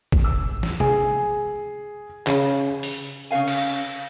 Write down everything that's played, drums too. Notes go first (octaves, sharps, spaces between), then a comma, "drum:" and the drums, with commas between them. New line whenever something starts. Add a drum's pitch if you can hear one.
drum: kick A1
E6
drum: snare
G#4, drum: tom
C#3, drum: clap
drum: open hi-hat
C#3 C#4 C5 F5 G#5
drum: cymbal